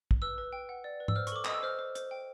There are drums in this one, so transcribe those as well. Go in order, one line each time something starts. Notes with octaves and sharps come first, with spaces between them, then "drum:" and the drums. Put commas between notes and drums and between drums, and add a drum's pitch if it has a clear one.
drum: kick
B4 E6
B4
G5
F#5
D5
B4
E6, drum: tom G#2
C5 F6
C#6, drum: hi-hat
A4 D6
D#5 D#6, drum: clap
E6
C5 F6
C5
C5, drum: hi-hat
G5